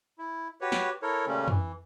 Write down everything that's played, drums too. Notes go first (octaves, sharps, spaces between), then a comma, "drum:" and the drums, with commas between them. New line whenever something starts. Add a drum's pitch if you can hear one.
E4
F#4 G4 B4 C#5
drum: snare
E4 A4 A#4 C#5
A#2 C#3 G3 A3 C#4
E3, drum: tom F2